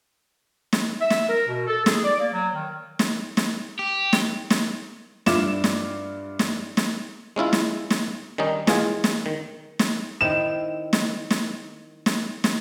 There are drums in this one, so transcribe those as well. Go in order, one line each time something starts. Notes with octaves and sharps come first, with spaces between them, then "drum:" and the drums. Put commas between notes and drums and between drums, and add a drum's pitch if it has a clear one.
drum: snare
E5
drum: snare
A#4
B2
A4
G#4, drum: snare
D5
A#3
F#3
D#3
drum: snare
drum: snare
G4
drum: snare
drum: snare
G2 D4 F4 E5 D6 E7, drum: snare
drum: snare
drum: snare
drum: snare
G#3 C#4 E4 F4
drum: snare
drum: snare
D#3 G3 C#4 D#4
E3 G#3 F4 G#4, drum: snare
drum: snare
D#3
drum: snare
D#3 C4 E4 E7
drum: snare
drum: snare
drum: snare
drum: snare